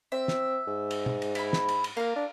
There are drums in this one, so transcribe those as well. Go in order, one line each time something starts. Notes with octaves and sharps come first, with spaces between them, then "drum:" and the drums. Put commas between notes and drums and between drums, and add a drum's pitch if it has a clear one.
C4 E5
drum: snare
G#2
drum: cymbal
drum: tom
drum: cymbal
E4 B5, drum: cymbal
drum: snare
drum: cymbal
drum: cymbal
A#3 F4 A#4
D4